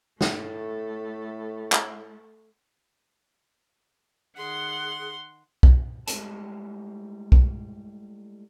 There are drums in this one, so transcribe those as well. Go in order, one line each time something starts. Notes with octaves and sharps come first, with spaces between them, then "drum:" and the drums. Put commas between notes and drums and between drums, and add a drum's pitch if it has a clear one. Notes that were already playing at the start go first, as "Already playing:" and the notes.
A2 A3, drum: snare
drum: clap
D#3 G#4 F#5 C6
drum: kick
A2 G3 G#3 C4 G#4 A5, drum: hi-hat
drum: kick